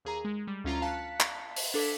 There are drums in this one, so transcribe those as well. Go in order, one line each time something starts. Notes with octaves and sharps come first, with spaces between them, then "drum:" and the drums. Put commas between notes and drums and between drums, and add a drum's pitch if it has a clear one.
D#2 G#4 A#5
G#3
G3
D2 C#4 F4 A#5
F5 A5 F#6 B6 C#7
drum: clap
drum: open hi-hat
D4 A4 D6 G#6 B6